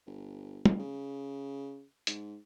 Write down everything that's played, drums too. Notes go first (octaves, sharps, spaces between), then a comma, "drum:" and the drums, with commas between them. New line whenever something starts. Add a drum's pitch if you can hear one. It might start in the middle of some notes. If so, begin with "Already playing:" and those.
G1
drum: tom
C#3
G#2, drum: hi-hat